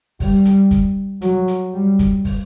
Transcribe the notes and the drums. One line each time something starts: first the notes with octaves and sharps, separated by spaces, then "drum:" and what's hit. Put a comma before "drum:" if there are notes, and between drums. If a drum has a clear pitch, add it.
G3, drum: kick, open hi-hat
drum: hi-hat
drum: kick, hi-hat
F#3, drum: hi-hat
drum: hi-hat
G3
drum: kick, hi-hat
drum: kick, open hi-hat